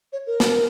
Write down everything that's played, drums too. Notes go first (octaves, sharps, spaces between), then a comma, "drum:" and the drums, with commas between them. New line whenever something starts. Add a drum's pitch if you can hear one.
C#5
A#4
drum: snare